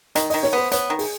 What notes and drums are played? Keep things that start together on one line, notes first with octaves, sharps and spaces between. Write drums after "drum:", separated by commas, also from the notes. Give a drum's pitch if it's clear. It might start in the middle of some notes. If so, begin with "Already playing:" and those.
D#3 D#5, drum: hi-hat
D#3 D#5, drum: open hi-hat
C#5, drum: snare
B3 C5
B3 C#5, drum: hi-hat
D#3
G#4, drum: open hi-hat